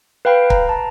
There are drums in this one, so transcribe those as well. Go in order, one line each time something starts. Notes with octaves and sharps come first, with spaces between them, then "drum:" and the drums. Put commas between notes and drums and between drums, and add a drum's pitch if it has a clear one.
B4 F5 G5 B5
A#5, drum: kick
A5 A#5